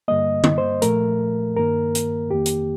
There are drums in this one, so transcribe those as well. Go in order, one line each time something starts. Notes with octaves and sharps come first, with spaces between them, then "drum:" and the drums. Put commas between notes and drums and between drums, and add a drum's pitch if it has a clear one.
G2 D3 G3 A#3 D#5
drum: tom
C5
A#2 F3 A3 A#4, drum: hi-hat
G2 D#3 A#3 A#4
drum: hi-hat
F2 D#3 A#3 G4
drum: hi-hat